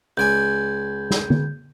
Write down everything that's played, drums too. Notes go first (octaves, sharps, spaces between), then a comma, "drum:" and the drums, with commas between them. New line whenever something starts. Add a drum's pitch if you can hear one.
C#2 D5 G#5 G6 G#6
drum: snare
drum: tom D3